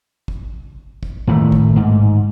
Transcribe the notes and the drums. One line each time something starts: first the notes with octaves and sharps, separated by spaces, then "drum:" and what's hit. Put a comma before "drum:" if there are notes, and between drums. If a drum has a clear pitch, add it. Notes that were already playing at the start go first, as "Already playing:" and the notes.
drum: kick
drum: kick
A2 D#3 A3
drum: kick
G#2